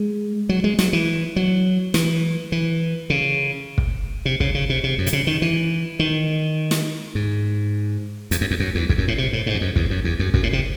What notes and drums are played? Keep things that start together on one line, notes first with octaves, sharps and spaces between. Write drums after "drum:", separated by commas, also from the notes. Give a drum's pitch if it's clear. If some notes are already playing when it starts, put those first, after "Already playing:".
Already playing: G#3
F#3
G#3
F#3, drum: snare
E3
F#3
E3, drum: snare
E3
C#3
drum: kick
C3
C#3, drum: kick
C#3
C3
C3
F#2
C3, drum: hi-hat
C#3
D#3
E3
D#3
drum: snare
G#2
E2, drum: hi-hat
F#2
E2
F#2
E2
E2, drum: kick
F#2
A2
C3
A2
G#2
E2
F#2
E2, drum: kick
F#2
E2
F#2
F#2, drum: kick
A2
C3